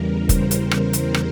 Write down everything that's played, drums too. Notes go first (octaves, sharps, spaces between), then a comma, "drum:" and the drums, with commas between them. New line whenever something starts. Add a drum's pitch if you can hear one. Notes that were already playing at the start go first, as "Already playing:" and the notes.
Already playing: E2 C#3 E3 G3 A#4
C5, drum: kick F1, hi-hat
drum: hi-hat
A#4, drum: rim click
drum: hi-hat
drum: rim click